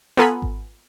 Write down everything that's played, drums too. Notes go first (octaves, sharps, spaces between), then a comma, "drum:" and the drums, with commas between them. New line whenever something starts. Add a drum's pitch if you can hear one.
B3 F4 A4 G#5 A#5 B5, drum: snare
drum: kick G#1